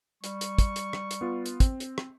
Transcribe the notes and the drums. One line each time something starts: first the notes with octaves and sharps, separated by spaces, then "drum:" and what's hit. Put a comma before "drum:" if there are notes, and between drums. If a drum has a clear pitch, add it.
G3 C#6, drum: hi-hat
drum: hi-hat
drum: kick, hi-hat
drum: hi-hat
drum: rim click
drum: hi-hat
B3 F4
drum: hi-hat
C4, drum: kick, hi-hat
drum: hi-hat
drum: rim click